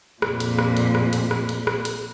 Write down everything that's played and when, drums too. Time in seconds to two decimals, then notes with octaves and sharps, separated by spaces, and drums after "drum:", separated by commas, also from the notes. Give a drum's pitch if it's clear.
0.22 F2 A#2, drum: rim click
0.40 drum: hi-hat
0.58 drum: rim click
0.77 drum: hi-hat
0.95 drum: rim click
1.13 drum: hi-hat
1.31 drum: rim click
1.49 drum: hi-hat
1.67 drum: rim click
1.85 drum: hi-hat